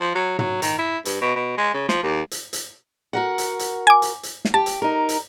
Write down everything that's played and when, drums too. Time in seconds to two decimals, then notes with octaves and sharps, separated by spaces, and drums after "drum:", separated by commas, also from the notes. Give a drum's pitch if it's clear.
0.01 F3
0.15 F#3
0.39 F#3, drum: tom
0.62 D#3, drum: hi-hat
0.79 E4
1.05 G2, drum: hi-hat
1.21 B2
1.36 B2
1.58 G#3
1.74 C#3
1.89 F3, drum: snare
2.03 D#2
2.31 drum: hi-hat
2.53 drum: hi-hat
3.13 F#4 A#4 F#5
3.38 drum: hi-hat
3.59 drum: hi-hat
3.87 G#5 D6
4.02 drum: hi-hat
4.23 drum: hi-hat
4.45 drum: snare
4.54 G4 A5
4.66 drum: hi-hat
4.82 D#4 A#4
5.09 drum: hi-hat